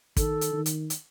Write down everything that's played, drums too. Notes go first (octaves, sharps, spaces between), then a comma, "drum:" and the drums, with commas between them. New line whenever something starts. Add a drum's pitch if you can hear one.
D#3 A4, drum: kick, hi-hat
drum: hi-hat
D#3
drum: hi-hat
drum: hi-hat